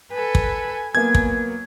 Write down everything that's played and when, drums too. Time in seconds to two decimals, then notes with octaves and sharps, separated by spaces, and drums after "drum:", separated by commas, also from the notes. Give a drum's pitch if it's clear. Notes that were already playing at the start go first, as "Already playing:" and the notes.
0.11 A4 B4 G#5
0.35 drum: kick
0.95 F#3 A#3 B3 G#6
1.15 drum: kick